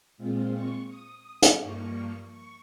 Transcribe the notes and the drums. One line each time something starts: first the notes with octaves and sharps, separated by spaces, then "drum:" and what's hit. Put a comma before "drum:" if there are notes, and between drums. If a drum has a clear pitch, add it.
A#2 G#3 C4 F4
C#6
D#6
drum: hi-hat
G2 F3 A#3 C#6
C#6